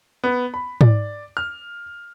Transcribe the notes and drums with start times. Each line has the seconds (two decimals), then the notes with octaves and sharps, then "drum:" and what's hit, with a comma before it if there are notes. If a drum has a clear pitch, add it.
0.24 B3
0.54 B5
0.81 D5, drum: tom G#2
1.37 F6